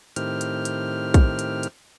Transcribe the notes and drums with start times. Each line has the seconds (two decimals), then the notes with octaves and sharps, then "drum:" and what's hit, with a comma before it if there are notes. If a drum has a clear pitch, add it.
0.16 A2 D#3 C4 G4 F6, drum: hi-hat
0.41 drum: hi-hat
0.65 drum: hi-hat
1.14 drum: kick A#1, hi-hat
1.39 drum: hi-hat
1.63 drum: hi-hat